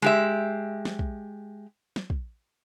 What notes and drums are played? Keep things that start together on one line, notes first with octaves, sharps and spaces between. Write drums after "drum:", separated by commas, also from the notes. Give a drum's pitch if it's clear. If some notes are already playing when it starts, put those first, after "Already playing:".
G#3 G4 E5
drum: snare
drum: kick
drum: snare
drum: kick